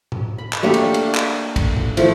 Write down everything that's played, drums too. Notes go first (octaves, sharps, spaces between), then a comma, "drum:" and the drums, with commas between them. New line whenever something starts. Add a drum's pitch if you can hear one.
drum: tom
B5
drum: clap
A3 A#3 D4 G4
drum: cymbal
drum: cymbal
drum: clap
drum: kick, cymbal
drum: tom
F3 A3 E4, drum: cymbal